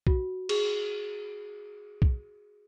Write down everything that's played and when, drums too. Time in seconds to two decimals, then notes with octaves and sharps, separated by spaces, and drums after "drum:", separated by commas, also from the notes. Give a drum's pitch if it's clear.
0.07 F#4, drum: kick B1
0.49 G#4, drum: cymbal
2.02 drum: kick B1